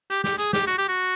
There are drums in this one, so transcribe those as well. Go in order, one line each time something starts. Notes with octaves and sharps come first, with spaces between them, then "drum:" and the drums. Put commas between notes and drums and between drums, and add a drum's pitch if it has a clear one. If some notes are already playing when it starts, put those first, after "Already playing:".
G4, drum: hi-hat
G4, drum: snare
G#4, drum: hi-hat
G4, drum: snare
F#4, drum: hi-hat
G4
F#4